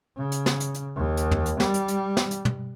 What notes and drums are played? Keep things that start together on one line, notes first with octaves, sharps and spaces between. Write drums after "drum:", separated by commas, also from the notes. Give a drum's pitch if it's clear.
C#3
drum: hi-hat
drum: snare
drum: hi-hat
drum: hi-hat
D#2
drum: hi-hat
drum: tom
drum: hi-hat
G3, drum: snare
drum: hi-hat
drum: hi-hat
drum: snare
drum: hi-hat
drum: tom